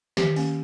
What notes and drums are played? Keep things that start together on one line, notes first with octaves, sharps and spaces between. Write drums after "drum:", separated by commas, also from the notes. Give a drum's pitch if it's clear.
D#3 G4, drum: snare
A#3 C#4, drum: open hi-hat